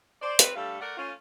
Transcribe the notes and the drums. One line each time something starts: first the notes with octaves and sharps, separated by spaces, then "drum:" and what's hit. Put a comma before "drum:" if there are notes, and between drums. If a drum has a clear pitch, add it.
C5 D5
F2 C4 B4, drum: hi-hat
G2 G3 A3 A4 F5
A3 A#4 D5 F#5
A3 C#4 F4